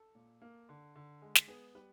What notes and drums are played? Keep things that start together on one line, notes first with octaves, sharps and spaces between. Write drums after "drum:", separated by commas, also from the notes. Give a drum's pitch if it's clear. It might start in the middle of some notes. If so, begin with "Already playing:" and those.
Already playing: A4
A#2
A#3
D3
D3
G#3
drum: snare
B3 G#4
G3 B4